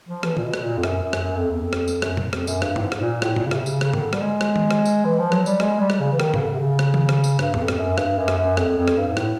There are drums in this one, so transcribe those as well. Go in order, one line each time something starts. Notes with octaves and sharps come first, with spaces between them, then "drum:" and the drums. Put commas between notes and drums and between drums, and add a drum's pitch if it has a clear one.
F3
E3, drum: rim click
A#2, drum: tom D3
B2
drum: rim click
A#2
F2
F#2, drum: rim click
F#2
drum: rim click
F#2
F2
E2
F2
drum: rim click
drum: tambourine
F#2, drum: rim click
drum: tom A#2
F2, drum: rim click
F#2, drum: tambourine
G2, drum: rim click
A2, drum: tom G#2
G#2
drum: rim click
A#2
A2, drum: rim click
A#2, drum: tom G#2
C#3
C3, drum: rim click
C#3, drum: tambourine
C#3, drum: rim click
D#3, drum: tom G#2
D3
G3, drum: rim click
G#3
drum: rim click
drum: tom D#3
drum: rim click
drum: tambourine
E3
F3
F#3, drum: rim click
G3, drum: tambourine
G#3, drum: rim click
G3
drum: rim click
C#3
E3
D#3, drum: rim click
C#3, drum: tom G#2
D3
C3
C#3
drum: rim click
drum: tom D#3
drum: rim click
drum: tambourine
G2, drum: rim click
E2, drum: tom G#2
F2
drum: rim click
F#2
G2, drum: rim click
F#2
drum: rim click
F#2
F2, drum: rim click
F2
drum: rim click
G2
G#2
A2, drum: rim click